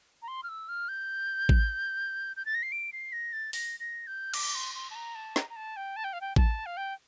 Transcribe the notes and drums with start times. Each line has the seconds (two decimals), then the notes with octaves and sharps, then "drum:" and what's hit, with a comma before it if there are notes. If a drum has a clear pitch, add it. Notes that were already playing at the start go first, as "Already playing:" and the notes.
0.22 A#5
0.28 C6
0.43 F6
0.49 E6
0.68 F6
0.88 G6
1.49 drum: kick A1
2.36 G6
2.45 A6
2.55 A#6
2.63 C7
2.72 D7
2.93 C7
3.13 A#6
3.33 A6
3.53 A#6, drum: open hi-hat
3.80 A#6
4.07 G6
4.34 D6, drum: cymbal
4.55 C6
4.75 C6
4.90 A5
4.95 A#5
5.15 A5
5.36 A#5, drum: snare
5.50 A#5
5.56 A5
5.76 G5
5.96 A5
6.04 G5
6.13 F5
6.21 G5
6.36 A5, drum: kick A1
6.66 F5
6.77 G5